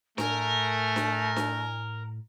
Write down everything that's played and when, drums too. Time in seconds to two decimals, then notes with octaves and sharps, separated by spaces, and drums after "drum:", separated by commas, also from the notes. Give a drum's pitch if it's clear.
0.18 A2 A3 A#4 G#5, drum: snare D4
0.96 drum: snare D4
1.36 drum: snare D4